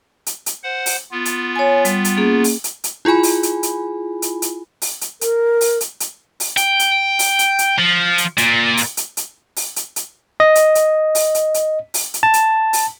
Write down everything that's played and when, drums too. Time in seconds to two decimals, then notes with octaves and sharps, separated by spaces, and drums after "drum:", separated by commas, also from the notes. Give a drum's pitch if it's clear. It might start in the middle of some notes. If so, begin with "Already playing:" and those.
0.26 drum: hi-hat
0.46 drum: hi-hat
0.63 C5 F#5
0.86 drum: open hi-hat
1.12 B3 F4
1.25 drum: hi-hat
1.56 C#5 G#5
1.85 G3, drum: hi-hat
2.05 drum: hi-hat
2.17 A#3 C#4 G#4
2.44 drum: open hi-hat
2.64 drum: hi-hat
2.84 drum: hi-hat
3.05 E4 F4 G#4 G#5 B5
3.23 drum: open hi-hat
3.43 drum: hi-hat
3.63 drum: hi-hat
4.22 drum: hi-hat
4.42 drum: hi-hat
4.82 drum: open hi-hat
5.01 drum: hi-hat
5.21 A#4, drum: hi-hat
5.61 drum: open hi-hat
5.81 drum: hi-hat
6.00 drum: hi-hat
6.40 drum: open hi-hat
6.57 G5, drum: hi-hat
6.79 drum: hi-hat
7.19 drum: open hi-hat
7.39 drum: hi-hat
7.59 drum: hi-hat
7.78 F3
8.18 drum: hi-hat
8.38 A#2, drum: hi-hat
8.77 drum: open hi-hat
8.97 drum: hi-hat
9.17 drum: hi-hat
9.56 drum: open hi-hat
9.76 drum: hi-hat
9.96 drum: hi-hat
10.40 D#5
10.55 drum: hi-hat
10.75 drum: hi-hat
11.15 drum: open hi-hat
11.35 drum: hi-hat
11.54 drum: hi-hat
11.94 drum: open hi-hat
12.14 drum: hi-hat
12.23 A5
12.34 drum: hi-hat
12.73 drum: open hi-hat